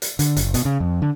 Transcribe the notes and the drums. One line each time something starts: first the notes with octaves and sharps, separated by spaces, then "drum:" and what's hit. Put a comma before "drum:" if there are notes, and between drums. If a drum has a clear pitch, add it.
drum: hi-hat
D3, drum: hi-hat
F#1, drum: hi-hat
B2, drum: hi-hat
C#3
F2
D3